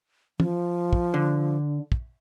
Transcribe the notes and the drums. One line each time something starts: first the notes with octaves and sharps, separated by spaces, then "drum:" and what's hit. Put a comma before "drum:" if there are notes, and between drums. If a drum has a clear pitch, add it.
F3, drum: tom
drum: kick
D3
drum: kick